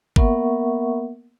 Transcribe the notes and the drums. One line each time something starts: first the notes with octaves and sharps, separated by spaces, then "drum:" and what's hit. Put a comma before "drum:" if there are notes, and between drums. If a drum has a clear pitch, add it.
A#3 B3 A#4 E5 F#5 C#6, drum: kick